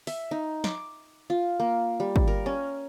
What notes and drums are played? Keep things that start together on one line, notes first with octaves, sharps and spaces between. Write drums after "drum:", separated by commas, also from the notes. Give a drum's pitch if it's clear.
E5, drum: open hi-hat
D#4
D6, drum: snare
F4
A#3
G3
drum: kick
A#4
C#4